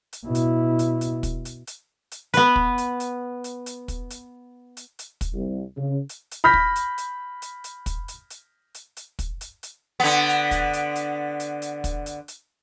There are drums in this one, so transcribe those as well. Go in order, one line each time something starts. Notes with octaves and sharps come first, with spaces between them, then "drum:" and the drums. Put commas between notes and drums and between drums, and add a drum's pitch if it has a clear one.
drum: hi-hat
B2 E4
drum: hi-hat
drum: hi-hat
drum: hi-hat
drum: kick, hi-hat
drum: hi-hat
drum: hi-hat
drum: hi-hat
B3 B4, drum: hi-hat
drum: kick
drum: hi-hat
drum: hi-hat
drum: hi-hat
drum: hi-hat
drum: kick, hi-hat
drum: hi-hat
drum: hi-hat
drum: hi-hat
drum: kick, hi-hat
C2
C#3
drum: hi-hat
drum: hi-hat
B5 F6 G6 A#6 B6
drum: kick
drum: hi-hat
drum: hi-hat
drum: hi-hat
drum: hi-hat
drum: kick, hi-hat
drum: hi-hat
drum: hi-hat
drum: hi-hat
drum: hi-hat
drum: kick, hi-hat
drum: hi-hat
drum: hi-hat
D3 B3
drum: hi-hat
drum: kick, hi-hat
drum: hi-hat
drum: hi-hat
drum: hi-hat
drum: hi-hat
drum: kick, hi-hat
drum: hi-hat
drum: hi-hat